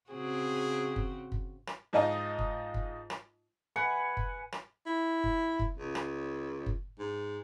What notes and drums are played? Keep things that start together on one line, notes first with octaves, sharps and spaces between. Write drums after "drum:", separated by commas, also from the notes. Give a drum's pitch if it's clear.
C#3 C4 F#4 G#4
drum: kick
drum: kick
drum: rim click
G#2 F3 D#4 F4 D#5
drum: kick
drum: kick
drum: rim click
B4 F#5 G#5
drum: kick
drum: rim click
E4
drum: kick
drum: kick
C#2
drum: rim click
drum: kick
G#2